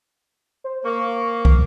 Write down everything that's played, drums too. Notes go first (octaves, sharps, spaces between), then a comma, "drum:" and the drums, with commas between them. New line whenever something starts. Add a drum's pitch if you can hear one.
C5
A#3 C#6
drum: kick